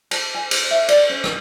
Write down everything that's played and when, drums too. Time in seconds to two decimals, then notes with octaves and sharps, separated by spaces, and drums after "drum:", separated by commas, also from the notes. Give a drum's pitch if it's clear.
0.11 A5, drum: cymbal
0.35 G#5
0.51 C5, drum: cymbal
0.71 E5
0.88 D5, drum: cymbal
1.09 C#4
1.24 drum: rim click